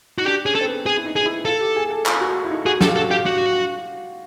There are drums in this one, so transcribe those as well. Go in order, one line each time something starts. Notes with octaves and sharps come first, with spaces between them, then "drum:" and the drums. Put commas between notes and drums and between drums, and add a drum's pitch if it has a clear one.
D#4 F#4
D4 G4
C#4 G#4
A4
C4
B3
C4 G#4
E4
D#4
G#4
D#4
E4
F4 A4
G4
G#4
A4
F4, drum: clap
F#4
E4
D#4
F#4 G#4
G4 A4, drum: snare
F4
F#4 A4
F4 G4
F#4